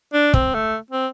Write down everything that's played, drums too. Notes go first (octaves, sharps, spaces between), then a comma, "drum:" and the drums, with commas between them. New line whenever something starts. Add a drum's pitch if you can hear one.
D4
C4, drum: kick
A3
C4